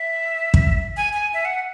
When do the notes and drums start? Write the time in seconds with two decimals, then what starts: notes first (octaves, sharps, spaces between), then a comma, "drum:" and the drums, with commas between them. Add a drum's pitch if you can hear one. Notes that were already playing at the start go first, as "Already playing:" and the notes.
Already playing: E5
0.54 drum: kick
0.97 G#5
1.13 G#5
1.34 E5
1.45 F#5